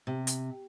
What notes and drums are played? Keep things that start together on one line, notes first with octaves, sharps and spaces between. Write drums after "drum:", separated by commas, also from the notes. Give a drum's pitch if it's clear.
C3
drum: hi-hat